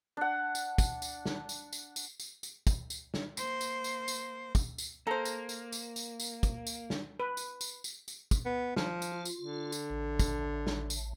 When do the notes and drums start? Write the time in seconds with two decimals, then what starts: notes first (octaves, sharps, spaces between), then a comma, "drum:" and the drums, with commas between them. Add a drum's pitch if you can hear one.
0.17 D4 F#5
0.55 drum: tambourine
0.78 drum: kick, tambourine
1.02 drum: tambourine
1.25 drum: snare
1.49 drum: tambourine
1.73 drum: tambourine
1.96 drum: tambourine
2.20 drum: tambourine
2.43 drum: tambourine
2.67 drum: kick, tambourine
2.90 drum: tambourine
3.14 drum: snare
3.37 A#3 C5, drum: tambourine
3.61 drum: tambourine
3.84 drum: tambourine
4.08 drum: tambourine
4.55 drum: kick, tambourine
4.78 drum: tambourine
5.07 A#3 A4 C5 A#5
5.25 drum: tambourine
5.49 drum: tambourine
5.72 drum: tambourine
5.96 drum: tambourine
6.20 drum: tambourine
6.43 drum: kick, tambourine
6.67 drum: tambourine
6.90 drum: snare
7.20 B4
7.37 drum: tambourine
7.61 drum: tambourine
7.84 drum: tambourine
8.08 drum: tambourine
8.31 drum: kick, tambourine
8.45 B3
8.76 F3, drum: snare
9.02 drum: tambourine
9.12 F4
9.25 drum: tambourine
9.41 D3
9.72 drum: tambourine
9.90 A1
10.19 drum: kick, tambourine
10.67 drum: snare
10.90 drum: tambourine